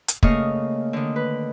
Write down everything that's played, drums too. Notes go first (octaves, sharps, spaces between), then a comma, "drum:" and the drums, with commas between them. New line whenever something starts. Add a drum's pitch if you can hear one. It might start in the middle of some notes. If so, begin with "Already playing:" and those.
drum: hi-hat
C#3 A3 A#3 D#5 F5 C#6, drum: kick
D3 D#3
B4